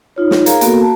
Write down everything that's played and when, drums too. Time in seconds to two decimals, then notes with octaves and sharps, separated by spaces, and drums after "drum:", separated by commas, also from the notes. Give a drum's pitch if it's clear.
0.16 D#4 F4 C#5
0.31 drum: snare
0.46 G#4 A#4 F5 A#5, drum: hi-hat
0.61 A#3 B3 F#4 A4 A#4, drum: hi-hat
0.81 A5